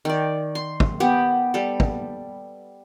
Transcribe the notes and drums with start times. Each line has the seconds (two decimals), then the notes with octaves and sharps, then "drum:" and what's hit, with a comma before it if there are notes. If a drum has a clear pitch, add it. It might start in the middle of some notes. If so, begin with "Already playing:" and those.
0.05 D#3 D5
0.55 C6
0.80 drum: kick
1.00 B3 G4
1.54 G3 A4
1.80 drum: kick